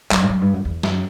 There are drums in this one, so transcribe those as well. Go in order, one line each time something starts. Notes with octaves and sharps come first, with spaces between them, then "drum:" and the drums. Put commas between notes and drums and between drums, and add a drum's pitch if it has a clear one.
F#2, drum: clap
G2
F#2
G2
F#2
E2
F#2, drum: snare